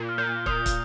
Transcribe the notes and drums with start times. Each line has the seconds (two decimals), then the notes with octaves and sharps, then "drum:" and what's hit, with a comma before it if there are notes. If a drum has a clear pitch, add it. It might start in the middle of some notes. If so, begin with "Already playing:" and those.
Already playing: A#2
0.09 F6
0.18 A#2 G6
0.27 F6
0.46 A#2 D#6, drum: kick
0.66 drum: kick, hi-hat